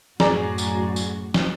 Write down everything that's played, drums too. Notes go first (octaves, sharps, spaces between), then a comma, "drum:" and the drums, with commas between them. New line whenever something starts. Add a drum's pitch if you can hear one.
F#2 A2 F#4 G#4 D5 A#5, drum: snare
drum: tambourine
drum: tambourine
drum: snare